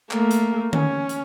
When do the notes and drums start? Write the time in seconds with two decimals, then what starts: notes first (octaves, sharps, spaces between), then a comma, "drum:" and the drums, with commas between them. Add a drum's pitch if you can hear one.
0.11 A3 A#3, drum: clap
0.31 drum: hi-hat
0.73 C#4, drum: tom D3
1.09 drum: hi-hat